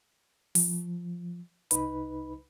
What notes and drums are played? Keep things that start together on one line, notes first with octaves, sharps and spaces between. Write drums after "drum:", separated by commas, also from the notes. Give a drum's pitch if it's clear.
F3, drum: open hi-hat
C2 D#4 B4 B5, drum: hi-hat